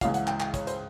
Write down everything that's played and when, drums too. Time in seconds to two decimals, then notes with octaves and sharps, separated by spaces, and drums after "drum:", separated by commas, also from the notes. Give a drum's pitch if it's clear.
0.01 C#2 C#3 E3 F5, drum: kick, hi-hat
0.14 F#5, drum: hi-hat
0.27 G5, drum: clap
0.40 G5, drum: clap
0.54 C#5, drum: kick, hi-hat
0.67 C5, drum: hi-hat